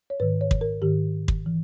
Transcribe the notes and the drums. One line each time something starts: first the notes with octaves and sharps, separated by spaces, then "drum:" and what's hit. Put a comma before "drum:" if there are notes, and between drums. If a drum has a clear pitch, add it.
C#5
G#2 D#3 B4
C#5
drum: kick
A#4
G#2 D#3 G4
drum: kick
E3